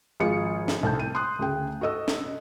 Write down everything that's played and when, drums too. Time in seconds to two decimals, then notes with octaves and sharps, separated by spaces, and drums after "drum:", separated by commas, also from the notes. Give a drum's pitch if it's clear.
0.20 G#1 F3 F4 G#4 D#6 C#7
0.68 drum: snare
0.83 C2 A2 A5 G6
1.00 D#7
1.15 C6 D#6 F#6
1.39 D2 C#3 G#4 G5
1.81 F#4 A4 D#5 E6
2.08 drum: snare